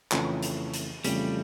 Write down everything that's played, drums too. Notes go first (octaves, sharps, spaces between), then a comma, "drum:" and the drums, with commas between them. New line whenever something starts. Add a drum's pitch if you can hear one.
F2 C#3 E3 A3 C#4, drum: clap
drum: hi-hat
drum: hi-hat
F2 C#3 E3 G3 A3 C#4, drum: hi-hat